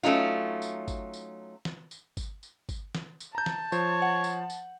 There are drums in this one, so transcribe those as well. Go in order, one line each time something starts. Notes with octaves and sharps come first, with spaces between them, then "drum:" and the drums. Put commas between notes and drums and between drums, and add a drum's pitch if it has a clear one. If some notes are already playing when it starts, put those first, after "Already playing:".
F#3 A3 C#4 D#4 F4
drum: tambourine
drum: kick, tambourine
drum: tambourine
drum: snare
drum: tambourine
drum: kick, tambourine
drum: tambourine
drum: kick, tambourine
drum: snare
drum: tambourine
A5 A#5 G6
drum: snare
F3 C5 C#5, drum: tambourine
F#5
drum: tambourine
drum: tambourine